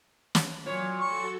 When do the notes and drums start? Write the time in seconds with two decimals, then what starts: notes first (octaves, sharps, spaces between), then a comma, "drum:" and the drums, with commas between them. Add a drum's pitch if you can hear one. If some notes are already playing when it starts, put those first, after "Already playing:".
0.35 drum: snare
0.66 A#2 F#3 C#5
1.01 F#4 A4 C#6